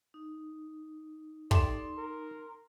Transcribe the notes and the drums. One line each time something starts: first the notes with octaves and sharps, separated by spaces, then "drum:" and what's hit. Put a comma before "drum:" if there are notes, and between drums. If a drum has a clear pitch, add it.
D#4
A3 D#4 G4 D5 C6 E7, drum: kick
A#4